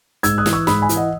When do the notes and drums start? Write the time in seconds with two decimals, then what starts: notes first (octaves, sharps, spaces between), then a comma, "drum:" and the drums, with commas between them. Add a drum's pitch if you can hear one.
0.23 G#2 E6 G#6, drum: hi-hat
0.38 D#6 F#6
0.46 E3, drum: snare
0.53 C#6 E6
0.67 G#2 B5 D#6, drum: snare
0.82 G#5 B5
0.89 E3, drum: hi-hat
0.96 D#5 F#5